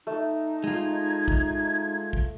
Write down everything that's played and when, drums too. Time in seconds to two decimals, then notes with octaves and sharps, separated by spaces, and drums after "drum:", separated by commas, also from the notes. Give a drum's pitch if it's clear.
0.07 A3 D#4
0.64 G#3 F4 G#6
1.28 drum: kick
2.13 drum: kick